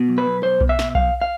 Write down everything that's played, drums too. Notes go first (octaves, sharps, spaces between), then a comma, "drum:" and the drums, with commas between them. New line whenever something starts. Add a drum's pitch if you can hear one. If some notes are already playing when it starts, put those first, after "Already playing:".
Already playing: B2
B1
B4
B1
B1 C5
B2, drum: kick B1
E5
B2, drum: snare
B1 F5, drum: kick B1
F5